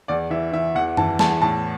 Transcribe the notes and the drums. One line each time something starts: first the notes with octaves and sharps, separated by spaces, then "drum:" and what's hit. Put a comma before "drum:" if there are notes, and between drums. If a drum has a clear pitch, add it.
E2 D5
E3 E5
E3 E5
E2 F#5
E3 A5, drum: tom
E2 A5, drum: snare
A2 A5